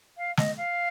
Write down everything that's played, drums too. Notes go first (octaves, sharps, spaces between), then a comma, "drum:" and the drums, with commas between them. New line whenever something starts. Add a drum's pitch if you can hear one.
F5
D#5, drum: snare
F5